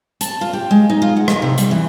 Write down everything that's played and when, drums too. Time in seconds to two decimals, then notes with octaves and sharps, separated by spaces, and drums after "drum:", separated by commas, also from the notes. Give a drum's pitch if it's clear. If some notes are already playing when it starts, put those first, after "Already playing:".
0.21 A5, drum: hi-hat
0.41 F4
0.53 G4
0.71 G#3
0.90 D#4
1.02 F4
1.16 F#5
1.28 D#5, drum: rim click
1.42 C3
1.58 G3, drum: hi-hat
1.71 E3